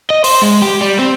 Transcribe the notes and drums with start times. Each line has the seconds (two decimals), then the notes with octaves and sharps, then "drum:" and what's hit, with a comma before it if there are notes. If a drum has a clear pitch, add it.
0.10 D#5
0.24 C5, drum: open hi-hat
0.41 G#3
0.62 G4
0.81 G3
0.99 C4